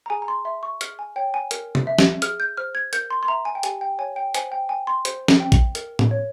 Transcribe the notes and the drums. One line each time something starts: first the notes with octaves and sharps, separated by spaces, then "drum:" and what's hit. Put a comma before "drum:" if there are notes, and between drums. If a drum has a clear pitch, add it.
A#5
G#4 G#5
A#5
C6
E5 C6
C#6
G#4 F6, drum: hi-hat
G#5
C#5 G5
G#5
A#4, drum: hi-hat
drum: tom C3
E5
drum: snare
G#4 F6, drum: hi-hat
G6
C5 F6
G#6
A#4 G6, drum: hi-hat
C6
C6
E5 A#5
G#5
G5
G4 G#5, drum: hi-hat
G5
C#5 G#5
G5
C5 G#5, drum: hi-hat
G5
G5 G#5
C6
C5, drum: hi-hat
drum: snare
G5
drum: kick A1, hi-hat
A#4, drum: hi-hat
drum: tom A2
C#5